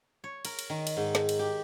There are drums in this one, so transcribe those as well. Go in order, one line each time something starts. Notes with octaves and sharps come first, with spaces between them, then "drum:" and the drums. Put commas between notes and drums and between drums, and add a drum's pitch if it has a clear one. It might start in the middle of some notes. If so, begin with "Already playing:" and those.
C#5
A#4, drum: cymbal
drum: cymbal
D#3
drum: cymbal
G#2
drum: snare
drum: cymbal
G4